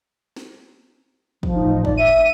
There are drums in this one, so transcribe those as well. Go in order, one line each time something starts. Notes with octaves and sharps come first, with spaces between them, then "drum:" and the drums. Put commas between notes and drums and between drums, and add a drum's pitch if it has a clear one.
drum: snare
F3, drum: kick
A1 D#4
D5, drum: kick
E5 D#7